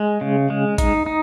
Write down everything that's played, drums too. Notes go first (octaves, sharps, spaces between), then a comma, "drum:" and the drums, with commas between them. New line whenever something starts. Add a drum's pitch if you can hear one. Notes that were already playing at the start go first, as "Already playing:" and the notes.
Already playing: G#3
C#3
G#3
D#4, drum: kick, hi-hat
D#4